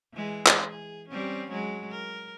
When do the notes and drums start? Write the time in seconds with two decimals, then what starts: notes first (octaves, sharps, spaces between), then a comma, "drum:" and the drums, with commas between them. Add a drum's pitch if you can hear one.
0.13 E3 G#3
0.46 drum: clap
0.68 G#4
1.08 G3 C4 C#4
1.50 F#3 G#3
1.91 A#4